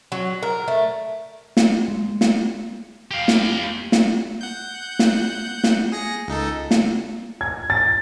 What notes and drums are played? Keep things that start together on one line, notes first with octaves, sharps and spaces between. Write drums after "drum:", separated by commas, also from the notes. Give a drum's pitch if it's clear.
F#3
A#4
A3
drum: snare
G#3
drum: snare
G4 F5
drum: snare
drum: snare
F#5 G6
drum: snare
drum: snare
G#4 A#6 C#7
C#2 D#4 A4
drum: snare
G#6
A6